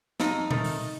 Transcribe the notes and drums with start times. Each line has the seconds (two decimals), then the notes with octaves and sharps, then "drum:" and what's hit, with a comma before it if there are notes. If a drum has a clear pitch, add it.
0.20 F2 D#4, drum: snare
0.51 D#3 A3, drum: tom A#2
0.64 drum: open hi-hat